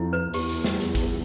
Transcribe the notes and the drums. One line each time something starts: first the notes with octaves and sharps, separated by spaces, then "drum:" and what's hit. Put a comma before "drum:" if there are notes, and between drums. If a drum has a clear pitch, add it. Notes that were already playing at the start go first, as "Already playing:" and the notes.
Already playing: F2 E4
B4
E2 G4, drum: hi-hat
drum: hi-hat
drum: snare
drum: hi-hat
drum: kick A1, hi-hat